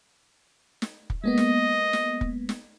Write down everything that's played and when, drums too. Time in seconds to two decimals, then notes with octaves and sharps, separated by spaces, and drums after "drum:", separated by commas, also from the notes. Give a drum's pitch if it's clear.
0.82 drum: snare
1.10 drum: kick
1.24 G#3 A#3 B3 D#5
1.38 drum: snare
1.93 drum: snare
2.21 drum: kick
2.49 drum: snare